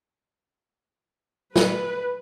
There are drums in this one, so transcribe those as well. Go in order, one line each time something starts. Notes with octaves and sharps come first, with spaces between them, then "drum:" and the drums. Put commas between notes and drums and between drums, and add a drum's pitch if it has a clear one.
B4, drum: snare